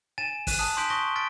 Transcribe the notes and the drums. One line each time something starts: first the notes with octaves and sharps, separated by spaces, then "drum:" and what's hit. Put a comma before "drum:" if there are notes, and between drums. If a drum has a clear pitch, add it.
G#5 A6 D#7 E7
F#6 D#7, drum: kick, open hi-hat
A5 D#6 F#6 D#7
C6 D6 G6 B6 D7 F#7
C#6 D#6 A#6 G7
F6 G6 A6 B6 D7 G7